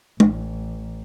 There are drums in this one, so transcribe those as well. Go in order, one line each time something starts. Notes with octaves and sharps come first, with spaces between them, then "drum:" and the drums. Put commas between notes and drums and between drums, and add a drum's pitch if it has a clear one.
A1, drum: tom